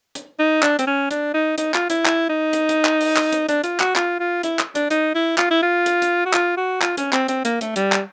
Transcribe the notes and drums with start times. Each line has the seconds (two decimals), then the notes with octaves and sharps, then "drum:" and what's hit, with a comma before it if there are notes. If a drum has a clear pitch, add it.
0.15 drum: hi-hat
0.39 D#4
0.63 D4, drum: clap
0.79 C4, drum: hi-hat
0.87 C#4
1.11 D4, drum: hi-hat
1.34 D#4
1.58 D#4, drum: hi-hat
1.74 F4, drum: clap
1.90 E4, drum: hi-hat
2.05 E4, drum: clap
2.29 D#4
2.53 drum: hi-hat
2.69 drum: hi-hat
2.85 drum: clap
3.01 drum: open hi-hat
3.17 drum: clap
3.32 drum: hi-hat
3.49 D4, drum: hi-hat
3.64 F4, drum: hi-hat
3.80 F#4, drum: clap
3.96 F4, drum: clap
4.20 F4
4.43 E4, drum: hi-hat
4.59 drum: clap
4.75 D4, drum: hi-hat
4.90 D#4, drum: hi-hat
5.15 E4
5.38 F4, drum: clap
5.51 E4
5.62 F4
5.86 drum: hi-hat
6.02 drum: hi-hat
6.26 F#4
6.33 F4, drum: clap
6.57 F#4
6.82 F4, drum: clap
6.97 C#4, drum: hi-hat
7.13 C4, drum: clap
7.28 C4, drum: hi-hat
7.45 A#3, drum: hi-hat
7.61 A3, drum: hi-hat
7.76 G3, drum: hi-hat
7.92 drum: clap